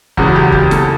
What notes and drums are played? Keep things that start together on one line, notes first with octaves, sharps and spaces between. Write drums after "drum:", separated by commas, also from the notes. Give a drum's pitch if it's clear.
E1 E2 C#3 F#3 F#4, drum: kick
G4
G4, drum: kick
A4, drum: snare